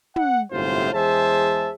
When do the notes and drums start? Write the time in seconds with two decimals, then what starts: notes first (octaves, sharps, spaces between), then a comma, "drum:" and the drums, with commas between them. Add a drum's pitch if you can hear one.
0.16 F#5, drum: tom
0.51 G1 F#2 A2 C3 F4 C5
0.93 E2 G#3 G#4 C5 E5 A5